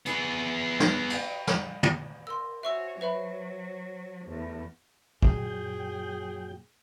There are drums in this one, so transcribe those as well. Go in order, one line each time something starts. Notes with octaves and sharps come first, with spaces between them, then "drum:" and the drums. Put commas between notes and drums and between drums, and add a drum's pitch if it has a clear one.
B3 G#4, drum: hi-hat
drum: snare
drum: cymbal
drum: snare
drum: tom
A#4 C6 E6
F#4 C5 C#5 E5 G#5 C#6 E6
F#3 B4 C5 E5 B5 C#6
E2 A3
F#2 A#2 F#3 G#4 G5, drum: kick